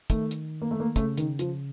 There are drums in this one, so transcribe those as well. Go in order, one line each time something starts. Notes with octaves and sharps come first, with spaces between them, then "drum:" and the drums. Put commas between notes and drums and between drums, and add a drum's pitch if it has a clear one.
D#3 A3, drum: kick, hi-hat
drum: hi-hat
A#3
A3
A#3
C#3 A3, drum: kick, hi-hat
D#3, drum: hi-hat
F3, drum: hi-hat